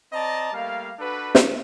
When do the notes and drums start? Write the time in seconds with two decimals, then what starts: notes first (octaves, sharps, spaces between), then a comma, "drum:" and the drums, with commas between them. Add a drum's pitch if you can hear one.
0.13 C4 D5 D#5 A5 A#5
0.53 G3 A3 A#3 F5
0.99 D4 F#4 A4 B4
1.35 drum: snare